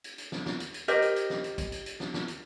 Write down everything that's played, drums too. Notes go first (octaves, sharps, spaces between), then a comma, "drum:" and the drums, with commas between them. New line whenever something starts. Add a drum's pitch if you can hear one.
drum: hi-hat
drum: hi-hat
drum: snare
drum: snare
drum: hi-hat
drum: hi-hat
G4 A#4 C5 D#5, drum: hi-hat
drum: hi-hat
drum: hi-hat
drum: snare
drum: hi-hat
drum: kick, hi-hat
drum: hi-hat
drum: hi-hat
drum: snare
drum: snare
drum: hi-hat